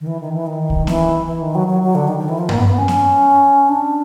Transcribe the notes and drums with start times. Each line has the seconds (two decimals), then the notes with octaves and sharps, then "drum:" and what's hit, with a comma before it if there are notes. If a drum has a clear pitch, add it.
0.01 D#3
0.07 E3
0.21 D#3
0.33 E3
0.47 D#3
0.70 drum: kick
0.87 E3, drum: snare B3
1.27 E3
1.41 D#3
1.55 F#3
1.67 F#3
1.82 F#3
1.95 D3
2.08 D#3
2.18 D#3
2.29 E3
2.38 F3
2.49 A#3, drum: tom G2
2.58 B3
2.68 B3
2.78 C#4
2.88 drum: snare B3
3.69 D4